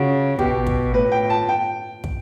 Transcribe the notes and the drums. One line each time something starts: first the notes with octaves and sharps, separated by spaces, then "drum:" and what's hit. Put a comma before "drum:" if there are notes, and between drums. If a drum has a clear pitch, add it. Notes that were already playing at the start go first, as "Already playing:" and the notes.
Already playing: C#3 F#4
B2 G4, drum: kick
drum: kick
A2 B4
G5
A5
G5
drum: kick